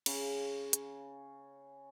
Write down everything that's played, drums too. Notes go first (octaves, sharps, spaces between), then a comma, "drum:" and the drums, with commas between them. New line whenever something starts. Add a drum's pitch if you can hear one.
C#3 C#4, drum: cymbal
drum: hi-hat